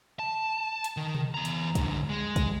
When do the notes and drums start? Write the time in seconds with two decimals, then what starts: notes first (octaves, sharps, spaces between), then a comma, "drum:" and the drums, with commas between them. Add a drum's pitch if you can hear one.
0.19 A5
0.84 drum: hi-hat
0.97 D#3
1.15 drum: tom B2
1.34 E2 A#5
1.45 drum: hi-hat
1.75 G#2 D3, drum: kick, hi-hat
2.09 G#3
2.36 drum: kick, hi-hat